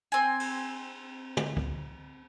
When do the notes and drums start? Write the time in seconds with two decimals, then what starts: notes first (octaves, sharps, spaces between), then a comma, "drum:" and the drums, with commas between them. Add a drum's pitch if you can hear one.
0.12 C4 G#5
0.40 drum: cymbal
1.37 drum: tom
1.57 drum: kick